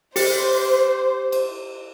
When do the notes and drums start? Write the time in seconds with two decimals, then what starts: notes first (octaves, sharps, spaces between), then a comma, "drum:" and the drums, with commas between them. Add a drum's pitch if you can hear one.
0.16 G4 C5, drum: open hi-hat
1.32 drum: cymbal